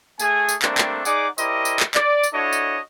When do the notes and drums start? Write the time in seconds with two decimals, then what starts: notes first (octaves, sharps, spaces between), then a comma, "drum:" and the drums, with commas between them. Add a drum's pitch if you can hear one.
0.19 A3 G#4 G#5, drum: tambourine
0.49 drum: tambourine
0.62 G3 A3 A#3 C4 D4, drum: clap
0.78 drum: clap
1.05 D#4 G#4 D5 F#5 D6, drum: tambourine
1.38 E4 G4 A#4 C5 D5 D#5, drum: tambourine
1.65 drum: tambourine
1.80 drum: clap
1.95 D5, drum: clap
2.23 drum: tambourine
2.33 D4 E4 F#4 A4 C#5 D#5
2.53 drum: tambourine